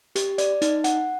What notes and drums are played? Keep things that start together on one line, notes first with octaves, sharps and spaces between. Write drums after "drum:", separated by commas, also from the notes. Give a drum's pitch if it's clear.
G4, drum: hi-hat
D5, drum: hi-hat
D#4, drum: hi-hat
F#5, drum: hi-hat